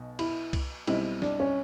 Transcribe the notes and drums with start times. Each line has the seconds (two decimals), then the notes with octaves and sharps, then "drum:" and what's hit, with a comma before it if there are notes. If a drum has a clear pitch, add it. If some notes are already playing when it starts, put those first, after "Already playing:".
Already playing: B1 B2
0.19 E4, drum: cymbal
0.53 drum: kick C2, cymbal
0.87 B1 B2 G3 C4 E4, drum: cymbal
1.22 D4, drum: snare
1.40 C#4